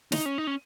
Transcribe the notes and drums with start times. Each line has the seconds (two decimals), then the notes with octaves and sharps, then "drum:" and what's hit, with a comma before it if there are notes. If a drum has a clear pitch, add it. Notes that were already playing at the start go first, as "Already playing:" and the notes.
0.12 D#4, drum: snare
0.26 C#4
0.38 D#4
0.47 C#4